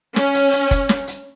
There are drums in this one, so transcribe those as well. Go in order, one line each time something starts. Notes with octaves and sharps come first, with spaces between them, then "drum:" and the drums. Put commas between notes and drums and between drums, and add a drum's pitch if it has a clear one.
C#4, drum: snare
drum: hi-hat
drum: hi-hat
drum: kick F1, hi-hat
drum: snare
drum: hi-hat